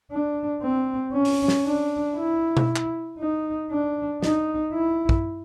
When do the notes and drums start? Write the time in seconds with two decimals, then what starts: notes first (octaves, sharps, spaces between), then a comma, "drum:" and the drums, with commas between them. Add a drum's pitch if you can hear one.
0.11 D4
0.62 C4
1.13 C#4
1.25 drum: open hi-hat
1.48 drum: snare
1.65 D4
2.16 E4
2.57 drum: tom B2
2.76 drum: clap
3.19 D#4
3.71 D4
4.23 D#4, drum: snare
4.74 E4
5.09 drum: kick